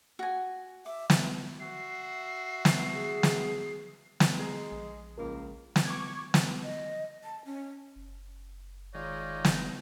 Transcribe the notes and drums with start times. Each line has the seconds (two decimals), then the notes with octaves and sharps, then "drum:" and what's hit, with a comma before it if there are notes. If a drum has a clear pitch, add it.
0.19 F#4 G#5
0.86 E5 D6
1.10 drum: snare
1.60 F#4 E5 C7
2.65 drum: snare
2.93 G#4
3.23 drum: snare
4.20 drum: snare
4.39 G#3 G#4 A#5 G#6
4.72 A#1
5.17 C#2 C#3 F3 A#3 A#4
5.76 drum: snare
5.85 C#6 D6 G#6
6.34 drum: snare
6.63 D#5
7.24 A5
7.45 C#4
7.96 F#1
8.95 D#3 G#3 D#4 F4 C#5 D5
9.45 drum: snare